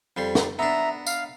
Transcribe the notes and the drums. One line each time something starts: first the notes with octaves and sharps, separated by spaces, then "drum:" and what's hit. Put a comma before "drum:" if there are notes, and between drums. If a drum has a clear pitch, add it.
F2 G3 C6
drum: snare
B3 D4 E5 A#5
F5, drum: tambourine